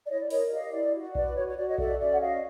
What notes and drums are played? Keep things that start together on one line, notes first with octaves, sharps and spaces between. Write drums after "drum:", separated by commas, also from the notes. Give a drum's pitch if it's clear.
D5
E4 C#5 D#5
D5
A#4 C#5 D#5, drum: open hi-hat
G4 D#5 F5
E4 D5
F#4
B4 D5, drum: kick B1
F#4 C#5
C#5
F#4 D5
C#5 D#5
A4 D5 E5, drum: kick B1
C#4 D5 E5
F#5
F#4 D#5 F5